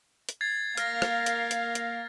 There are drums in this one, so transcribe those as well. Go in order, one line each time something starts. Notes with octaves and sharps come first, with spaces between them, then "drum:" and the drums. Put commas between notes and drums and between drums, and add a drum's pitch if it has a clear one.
drum: hi-hat
G#6 A6 C7
A#3 A#4 F5 F6 A#6, drum: hi-hat
drum: rim click
drum: hi-hat
drum: hi-hat
drum: hi-hat